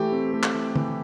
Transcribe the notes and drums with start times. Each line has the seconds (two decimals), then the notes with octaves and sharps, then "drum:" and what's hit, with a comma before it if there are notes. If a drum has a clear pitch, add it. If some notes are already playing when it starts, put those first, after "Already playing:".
Already playing: E3 A3 G4
0.12 C4
0.34 A3
0.43 drum: clap
0.54 E3
0.76 E3, drum: tom D3